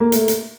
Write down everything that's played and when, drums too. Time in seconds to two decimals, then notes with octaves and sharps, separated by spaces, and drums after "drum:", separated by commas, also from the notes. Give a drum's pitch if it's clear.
0.00 A#3
0.12 A3, drum: hi-hat
0.28 drum: hi-hat